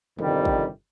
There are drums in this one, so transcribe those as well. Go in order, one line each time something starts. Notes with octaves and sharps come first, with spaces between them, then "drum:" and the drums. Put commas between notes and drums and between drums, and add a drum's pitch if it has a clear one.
G1 F2 C3 D#3 G3, drum: tom C#3
drum: kick